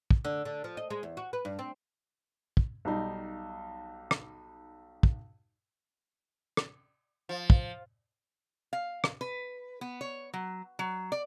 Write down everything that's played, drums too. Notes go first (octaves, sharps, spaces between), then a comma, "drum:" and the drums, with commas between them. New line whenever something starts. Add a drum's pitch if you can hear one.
drum: kick
D3
D3
F3
D#5
G#3
E2
F#4
B4
G2
C4
drum: kick
B1 G3 D#4
drum: rim click
drum: kick
drum: rim click
F3
drum: kick
F5
drum: rim click
B4
B3
C#5
F#3
F#3
D5